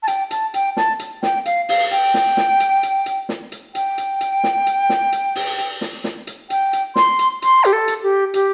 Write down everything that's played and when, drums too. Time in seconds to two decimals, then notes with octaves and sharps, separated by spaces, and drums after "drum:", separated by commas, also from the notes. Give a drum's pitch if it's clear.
0.03 A5
0.08 G5, drum: hi-hat
0.31 A5, drum: hi-hat
0.54 G5, drum: hi-hat
0.77 A5, drum: snare
0.99 drum: hi-hat
1.23 G5, drum: snare
1.45 F5, drum: hi-hat
1.69 F5, drum: open hi-hat
1.91 G5, drum: hi-hat
2.14 drum: snare
2.37 drum: snare
2.60 drum: hi-hat
2.83 drum: hi-hat
3.06 drum: hi-hat
3.29 drum: snare
3.52 drum: hi-hat
3.75 G5, drum: hi-hat
3.98 drum: hi-hat
4.21 drum: hi-hat
4.44 drum: snare
4.67 drum: hi-hat
4.89 drum: snare
5.12 drum: hi-hat
5.35 drum: open hi-hat
5.58 drum: hi-hat
5.81 drum: snare
6.04 drum: snare
6.27 drum: hi-hat
6.50 G5, drum: hi-hat
6.73 drum: hi-hat
6.96 C6, drum: snare
7.19 drum: hi-hat
7.42 C6, drum: hi-hat
7.65 G4, drum: hi-hat
7.73 A4
7.88 drum: hi-hat
8.03 G4
8.34 G4, drum: hi-hat